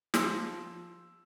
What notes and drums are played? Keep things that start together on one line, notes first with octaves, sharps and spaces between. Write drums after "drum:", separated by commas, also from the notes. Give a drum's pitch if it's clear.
F3 C6 E6, drum: snare